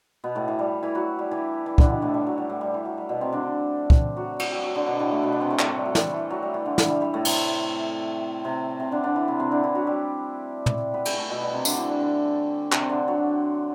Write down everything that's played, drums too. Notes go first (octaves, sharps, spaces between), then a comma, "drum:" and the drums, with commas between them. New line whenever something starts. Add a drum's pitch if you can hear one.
B2 B3
A2 A3
E3
G3
E3 E4
F#3 F#4
G3 G4
E3 E4
E3 E4
D3 D4, drum: kick
B2 B3
A2 A3
G3
F#3
G3
A2 A3
G3
E3
F#3
G3
B2 B3
C3 C4
D3 D4
drum: kick
F#3 F#4
F#4, drum: cymbal
G3 G4
F#3 F#4
D3 D4
B2 B3
A2 A3
A2 A3
B2 B3
D3 D4
C3 C4
A2 A3
G3, drum: clap
A2 A3
G3
F#3
G3, drum: snare
E3
F#3
G3
E3
D3
E3, drum: snare
G3
G3
A2 A3
C3 C4, drum: cymbal
C3 C4
C3 C4
D3 D4
D3 D4
E3 E4
C3 C4
C3 C4
D3 D4
E3 E4
F#3 F#4
G3 G4
drum: tom
B3 B4
A3 A4, drum: cymbal
A3 A4
B2 B3
G3
C3 C4
D3 D4, drum: tambourine
E3 E4
D3 D4
D3 D4
C3 C4, drum: clap
C4
D3 D4
F#3 F#4